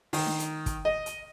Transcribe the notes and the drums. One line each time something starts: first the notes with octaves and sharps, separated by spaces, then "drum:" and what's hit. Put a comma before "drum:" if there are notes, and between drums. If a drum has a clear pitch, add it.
D#3, drum: open hi-hat
drum: snare D4
drum: hi-hat
drum: kick, hi-hat
D#5
drum: hi-hat